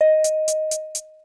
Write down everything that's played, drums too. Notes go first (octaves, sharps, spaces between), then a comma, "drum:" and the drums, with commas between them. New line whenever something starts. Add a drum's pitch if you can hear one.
D#5
drum: hi-hat
drum: hi-hat
drum: hi-hat
drum: hi-hat